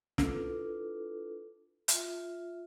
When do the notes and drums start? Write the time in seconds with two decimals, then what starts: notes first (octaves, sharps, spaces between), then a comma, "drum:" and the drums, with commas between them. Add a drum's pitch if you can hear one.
0.18 D4 E4 F4 A4 B4, drum: snare
1.88 F4 E5, drum: hi-hat